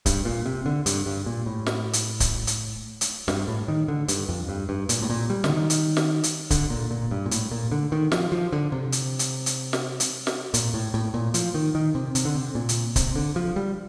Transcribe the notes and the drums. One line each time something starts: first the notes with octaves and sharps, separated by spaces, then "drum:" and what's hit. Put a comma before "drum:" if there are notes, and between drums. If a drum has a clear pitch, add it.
G2, drum: kick D1, hi-hat
A#2
C3
D3
G2, drum: hi-hat
G2
A#2
A2
drum: snare
drum: hi-hat
drum: kick D1, hi-hat
drum: hi-hat
drum: hi-hat
G2, drum: snare
A2
D#3
D3
G2, drum: hi-hat
F2
G2
G2
A#2, drum: hi-hat
A2
A#2
G3
D3, drum: snare
D#3
drum: hi-hat
drum: snare
drum: hi-hat
D3, drum: kick D1, hi-hat
A#2
A#2
G2
A#2
A2, drum: hi-hat
A#2
D3
D#3
F3, drum: snare
F3
D3
C3
drum: hi-hat
drum: hi-hat
drum: hi-hat
drum: snare
drum: hi-hat
drum: snare
A#2, drum: hi-hat
A2
A2
A#2
F3, drum: hi-hat
D#3
D#3
C3
C3, drum: hi-hat
D3
C3
A#2
drum: hi-hat
C3, drum: kick D1, hi-hat
D3
F3
G3